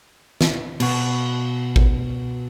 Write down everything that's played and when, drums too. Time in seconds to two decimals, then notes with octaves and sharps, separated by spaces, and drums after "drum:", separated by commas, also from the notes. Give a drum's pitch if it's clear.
0.41 drum: snare
0.80 B2 F#4, drum: cymbal
1.76 drum: kick G#1